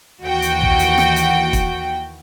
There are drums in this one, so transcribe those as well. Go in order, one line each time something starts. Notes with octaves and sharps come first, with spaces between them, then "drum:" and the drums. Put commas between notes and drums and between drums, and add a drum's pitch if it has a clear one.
D#2 E3 F#4 G5
drum: hi-hat
drum: tom A#1
drum: hi-hat
drum: snare
drum: hi-hat
drum: kick, hi-hat